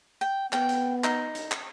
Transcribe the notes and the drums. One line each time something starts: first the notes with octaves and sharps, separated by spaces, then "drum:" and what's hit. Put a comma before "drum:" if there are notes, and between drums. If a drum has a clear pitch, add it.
G5
B3 G5, drum: clap
drum: hi-hat
D#4, drum: clap
drum: hi-hat
drum: clap